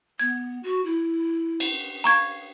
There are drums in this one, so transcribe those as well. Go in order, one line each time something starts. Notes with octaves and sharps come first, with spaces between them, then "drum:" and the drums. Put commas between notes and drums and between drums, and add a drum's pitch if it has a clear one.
B3 G#6
F#4
E4
drum: cymbal
F5 A#5 C#6 G#6